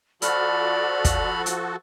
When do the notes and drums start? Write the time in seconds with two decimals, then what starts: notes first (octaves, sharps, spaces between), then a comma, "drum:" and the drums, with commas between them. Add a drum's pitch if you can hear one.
0.22 F3 F#4 A4 D5 B5 F6, drum: hi-hat
1.05 drum: kick, hi-hat
1.46 drum: hi-hat